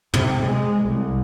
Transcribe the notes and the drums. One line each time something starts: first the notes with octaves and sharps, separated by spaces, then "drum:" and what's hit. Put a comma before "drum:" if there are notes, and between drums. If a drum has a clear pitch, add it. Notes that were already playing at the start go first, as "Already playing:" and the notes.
C3, drum: tom
G#3
C2